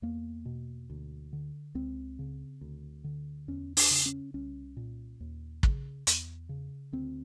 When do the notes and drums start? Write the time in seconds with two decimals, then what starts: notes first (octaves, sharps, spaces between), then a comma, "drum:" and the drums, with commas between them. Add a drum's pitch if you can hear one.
0.02 E2 A#3
0.45 B2
0.90 D2
1.33 D3
1.75 C#2 C4
2.19 C#3
2.61 D2
3.04 D3
3.48 E2 C#4
3.77 D4, drum: open hi-hat
3.91 C#3
4.06 C#4
4.34 C2 C#4
4.77 A#2
5.20 D#2
5.63 C#3, drum: kick
6.07 E2, drum: hi-hat
6.49 C#3
6.93 D2 C4